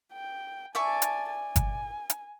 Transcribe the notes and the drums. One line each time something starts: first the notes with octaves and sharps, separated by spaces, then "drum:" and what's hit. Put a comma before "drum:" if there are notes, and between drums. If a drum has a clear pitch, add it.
G5
D5 E5 G#5 A5 C#6
drum: hi-hat
G#5
drum: kick G1, hi-hat
drum: hi-hat